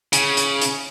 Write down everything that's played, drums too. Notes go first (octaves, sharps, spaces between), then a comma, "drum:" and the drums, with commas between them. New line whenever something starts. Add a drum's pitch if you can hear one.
C#3, drum: hi-hat
drum: hi-hat
drum: hi-hat